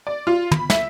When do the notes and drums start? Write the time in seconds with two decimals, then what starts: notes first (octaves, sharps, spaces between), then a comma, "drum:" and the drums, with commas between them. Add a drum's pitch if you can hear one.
0.07 D5
0.27 F4
0.51 B5, drum: tom
0.70 E5, drum: snare